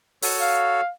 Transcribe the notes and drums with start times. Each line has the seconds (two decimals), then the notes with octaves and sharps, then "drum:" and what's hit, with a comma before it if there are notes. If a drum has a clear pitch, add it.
0.22 F#4 A4 C#5, drum: open hi-hat
0.41 F5